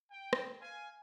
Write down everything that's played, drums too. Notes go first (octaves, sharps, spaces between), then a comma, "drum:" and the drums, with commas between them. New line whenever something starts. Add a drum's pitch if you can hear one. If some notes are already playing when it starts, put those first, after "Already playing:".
G5
drum: rim click
F5 G#5